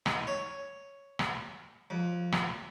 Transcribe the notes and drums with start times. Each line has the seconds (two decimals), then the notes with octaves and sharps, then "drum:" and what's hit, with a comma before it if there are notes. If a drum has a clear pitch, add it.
0.06 D#4, drum: rim click
0.27 C#5
1.19 drum: rim click
1.90 F2
2.32 drum: rim click